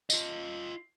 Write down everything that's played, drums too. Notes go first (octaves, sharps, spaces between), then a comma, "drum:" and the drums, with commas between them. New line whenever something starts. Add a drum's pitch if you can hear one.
F4 D#5, drum: tambourine